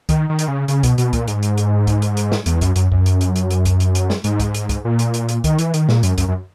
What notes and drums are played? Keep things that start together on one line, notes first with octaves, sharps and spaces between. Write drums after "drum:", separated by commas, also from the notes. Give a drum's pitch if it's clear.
D#3, drum: kick, hi-hat
D#3
drum: hi-hat
C#3
C#3, drum: hi-hat
B2, drum: kick, hi-hat
B2, drum: hi-hat
A#2, drum: kick, hi-hat
G#2, drum: hi-hat
drum: hi-hat
drum: hi-hat
drum: kick, hi-hat
drum: hi-hat
drum: hi-hat
drum: snare
E2, drum: hi-hat
F#2, drum: kick, hi-hat
F#2, drum: hi-hat
F#2, drum: kick
drum: hi-hat
drum: hi-hat
drum: hi-hat
drum: hi-hat
drum: kick, hi-hat
drum: hi-hat
drum: hi-hat
drum: snare
G#2, drum: hi-hat
drum: kick, hi-hat
drum: hi-hat
drum: kick, hi-hat
A#2
drum: hi-hat
drum: hi-hat
drum: hi-hat
D#3, drum: kick, hi-hat
E3, drum: hi-hat
D#3, drum: hi-hat
A#2, drum: snare
F#2, drum: hi-hat
F#2, drum: kick, hi-hat
F#2